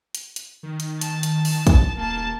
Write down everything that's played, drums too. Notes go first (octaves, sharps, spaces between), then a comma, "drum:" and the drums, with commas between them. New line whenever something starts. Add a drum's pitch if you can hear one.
drum: hi-hat
drum: hi-hat
D#3
drum: hi-hat
A5, drum: hi-hat
drum: hi-hat
drum: open hi-hat
drum: kick, hi-hat
D#1 A#3 A5